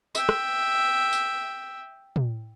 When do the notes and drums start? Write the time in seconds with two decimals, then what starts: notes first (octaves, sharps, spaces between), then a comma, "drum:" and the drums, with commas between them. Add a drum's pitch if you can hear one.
0.15 E5 G5, drum: tambourine
0.29 drum: rim click
1.13 drum: tambourine
2.16 drum: tom